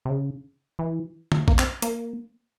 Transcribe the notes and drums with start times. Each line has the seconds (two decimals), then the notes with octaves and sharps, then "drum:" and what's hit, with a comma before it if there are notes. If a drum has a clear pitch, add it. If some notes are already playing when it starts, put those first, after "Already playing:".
0.05 C3
0.10 C#3
0.79 E3
1.32 drum: tom D3
1.48 A#3, drum: kick
1.59 C4, drum: clap
1.82 A#3, drum: hi-hat